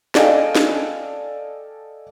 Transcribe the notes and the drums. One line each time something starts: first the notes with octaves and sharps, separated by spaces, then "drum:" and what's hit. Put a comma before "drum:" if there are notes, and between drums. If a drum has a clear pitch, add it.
A4 D5 D#5 F5 G5 G#5, drum: snare
drum: snare